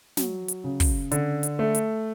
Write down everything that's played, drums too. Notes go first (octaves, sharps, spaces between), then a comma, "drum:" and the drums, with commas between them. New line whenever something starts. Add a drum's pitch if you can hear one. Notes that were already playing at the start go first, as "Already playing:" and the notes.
F#3, drum: snare
drum: hi-hat
C#3
drum: kick, open hi-hat
D3, drum: hi-hat
drum: hi-hat
A3
drum: hi-hat